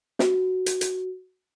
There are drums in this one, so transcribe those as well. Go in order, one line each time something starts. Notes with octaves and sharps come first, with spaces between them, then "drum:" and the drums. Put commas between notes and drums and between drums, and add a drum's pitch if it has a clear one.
F#4, drum: snare
drum: hi-hat
drum: hi-hat